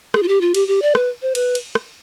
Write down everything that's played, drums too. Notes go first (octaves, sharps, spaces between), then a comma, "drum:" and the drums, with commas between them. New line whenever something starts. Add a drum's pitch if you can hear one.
G#4, drum: rim click
F4
G4
F4
G4, drum: cymbal
G4
D5
B4, drum: rim click
C5
B4, drum: cymbal
drum: cymbal
drum: rim click